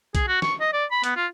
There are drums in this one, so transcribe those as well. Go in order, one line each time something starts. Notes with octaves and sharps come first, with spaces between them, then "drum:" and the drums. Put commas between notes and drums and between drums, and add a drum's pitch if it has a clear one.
G#4, drum: kick B1, hi-hat
F#4
C#6, drum: snare
D#5
D5
B5
B3, drum: hi-hat
F4